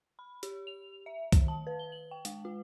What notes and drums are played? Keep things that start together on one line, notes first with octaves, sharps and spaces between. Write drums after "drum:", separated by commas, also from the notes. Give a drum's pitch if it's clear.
B5
G4, drum: hi-hat
F7
E5
D#3, drum: kick C2, hi-hat
A5
B4
G7
F#7
G5
G#3, drum: hi-hat
F4